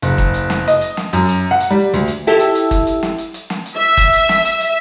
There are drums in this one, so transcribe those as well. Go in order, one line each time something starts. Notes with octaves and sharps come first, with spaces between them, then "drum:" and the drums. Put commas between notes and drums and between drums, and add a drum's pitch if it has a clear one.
F#1, drum: hi-hat
drum: kick
drum: hi-hat
drum: snare
D#5, drum: hi-hat
drum: hi-hat
drum: snare
F#2, drum: hi-hat
drum: hi-hat
F#5
drum: hi-hat
G3
D2, drum: hi-hat
drum: hi-hat
E4 G4 A4
drum: hi-hat
drum: hi-hat
drum: kick, hi-hat
drum: hi-hat
drum: snare
drum: hi-hat
drum: hi-hat
drum: snare
drum: hi-hat
E5
drum: kick, hi-hat
drum: hi-hat
drum: snare
drum: hi-hat
drum: hi-hat